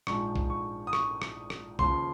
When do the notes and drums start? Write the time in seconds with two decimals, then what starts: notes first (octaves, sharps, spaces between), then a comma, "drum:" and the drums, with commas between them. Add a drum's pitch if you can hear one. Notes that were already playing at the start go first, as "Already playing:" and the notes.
0.07 A#1 G#2 F3 C#6, drum: rim click
0.36 drum: kick
0.50 C#6
0.87 D#6
0.93 C#6, drum: rim click
1.22 drum: rim click
1.50 drum: rim click
1.79 D#2 C#3 F3 C6, drum: kick